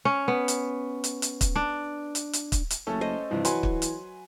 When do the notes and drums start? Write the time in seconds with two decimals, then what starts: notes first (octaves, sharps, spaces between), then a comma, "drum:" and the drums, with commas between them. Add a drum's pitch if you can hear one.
0.05 C#4
0.28 B3
0.48 drum: hi-hat
1.04 drum: hi-hat
1.22 drum: hi-hat
1.41 drum: kick, hi-hat
1.56 D4
2.15 drum: hi-hat
2.33 drum: hi-hat
2.52 drum: kick, hi-hat
2.70 drum: hi-hat
2.87 F#1 A3 C#4 A4
3.01 C5 D#5
3.31 G2 C3 E3 F3
3.45 F#3 B4 G#5 C6, drum: hi-hat
3.63 drum: kick
3.82 drum: hi-hat